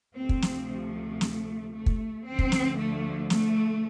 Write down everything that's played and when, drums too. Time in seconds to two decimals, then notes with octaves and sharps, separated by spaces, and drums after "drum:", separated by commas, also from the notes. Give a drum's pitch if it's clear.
0.16 D2 C3 F3 A3 C4
0.29 drum: kick
0.42 drum: snare
0.68 A3
1.21 drum: snare
1.73 A3
1.86 drum: kick
2.25 D2 D3 F3 C4
2.39 drum: kick
2.52 drum: snare
2.78 A3
3.30 A3, drum: snare